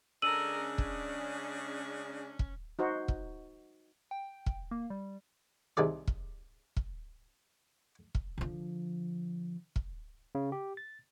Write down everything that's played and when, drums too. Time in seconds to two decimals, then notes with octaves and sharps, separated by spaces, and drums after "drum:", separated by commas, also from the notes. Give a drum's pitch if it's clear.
0.22 C#3 G#3 D4 A4 A#4 E6 D#7 F#7
0.60 C#4
0.78 drum: kick
2.39 drum: kick
2.79 D#4 F#4 C5
3.08 drum: kick
4.11 G5
4.46 drum: kick
4.71 A#3
4.90 G3
5.77 C2 C3 D#3 G#4 D5
6.07 drum: kick
6.77 drum: kick
8.15 drum: kick
8.38 D3 F3
9.76 drum: kick
10.35 C#3
10.52 G4
10.77 A6